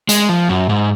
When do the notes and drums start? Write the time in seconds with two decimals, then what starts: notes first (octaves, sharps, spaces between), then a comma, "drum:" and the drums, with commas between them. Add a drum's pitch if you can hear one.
0.09 G#3, drum: hi-hat
0.29 F3
0.49 F#2
0.69 G#2